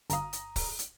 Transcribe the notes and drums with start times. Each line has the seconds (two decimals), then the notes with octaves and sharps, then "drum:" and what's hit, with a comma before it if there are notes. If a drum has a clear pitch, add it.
0.10 G1 F5 A#5 D#6, drum: hi-hat
0.33 drum: hi-hat
0.56 drum: kick, open hi-hat
0.79 drum: hi-hat